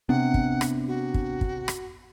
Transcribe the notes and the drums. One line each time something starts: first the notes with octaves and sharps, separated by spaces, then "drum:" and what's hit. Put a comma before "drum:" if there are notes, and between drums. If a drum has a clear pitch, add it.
C3 B3 D4 F#5
drum: kick
drum: rim click
F#4
drum: kick
drum: kick
drum: rim click